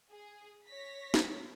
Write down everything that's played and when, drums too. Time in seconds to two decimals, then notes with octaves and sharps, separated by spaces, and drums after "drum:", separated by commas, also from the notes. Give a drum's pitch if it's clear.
0.12 G#4
0.68 C#5 A#6 B6
1.14 drum: snare